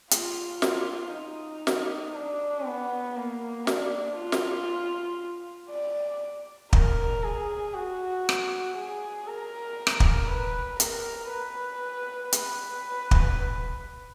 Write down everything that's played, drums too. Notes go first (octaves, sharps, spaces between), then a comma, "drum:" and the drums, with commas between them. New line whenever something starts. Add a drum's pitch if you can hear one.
F4, drum: hi-hat
F4, drum: snare
D#4
drum: snare
D4
B3
A#3
D4, drum: snare
F4
drum: snare
D5
A#4, drum: kick
G#4
F#4
drum: rim click
G#4
A#4
drum: rim click
drum: kick
B4
A#4, drum: hi-hat
B4
B4, drum: hi-hat
drum: kick